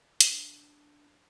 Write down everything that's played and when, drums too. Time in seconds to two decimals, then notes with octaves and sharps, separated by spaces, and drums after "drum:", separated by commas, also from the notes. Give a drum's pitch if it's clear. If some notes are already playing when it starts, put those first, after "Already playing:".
0.21 D4, drum: hi-hat